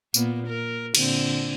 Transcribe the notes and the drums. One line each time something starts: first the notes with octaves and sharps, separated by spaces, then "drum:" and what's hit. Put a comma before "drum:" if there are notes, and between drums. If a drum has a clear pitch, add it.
A#2 A#3 B3, drum: tambourine
A#4
A#2 D3 C4, drum: cymbal